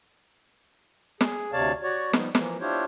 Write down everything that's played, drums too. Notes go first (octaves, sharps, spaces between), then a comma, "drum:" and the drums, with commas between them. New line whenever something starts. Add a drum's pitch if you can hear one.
G#4, drum: snare
D2 C3 C#5 D5 F5 A5
F#4 C#5 D5
F3 G3 B3 D#4, drum: snare
E3 F3 A#3, drum: snare
D4 E4 F4 G4 C5 C#5